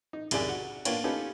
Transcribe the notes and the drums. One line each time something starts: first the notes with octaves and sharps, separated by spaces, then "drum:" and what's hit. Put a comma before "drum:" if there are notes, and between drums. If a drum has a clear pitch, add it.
D#4
C2 F#2 C#3 G4 D5 G#5, drum: cymbal
F#4
A#3 B3 D4 F4 C#5 G5, drum: cymbal
C#4 D#4 F4 G4 A4 B4